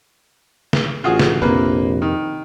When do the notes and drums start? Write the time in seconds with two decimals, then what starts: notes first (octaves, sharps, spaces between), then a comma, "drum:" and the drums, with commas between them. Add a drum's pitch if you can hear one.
0.73 drum: snare
1.04 A1 F4 F#4 G#4
1.20 drum: snare
1.42 A#1 F2 C3 A#3 B4
2.02 D#3